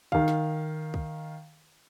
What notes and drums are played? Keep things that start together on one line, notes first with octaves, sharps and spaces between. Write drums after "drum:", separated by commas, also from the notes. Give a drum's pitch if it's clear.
D#3 F5, drum: kick
drum: snare
drum: kick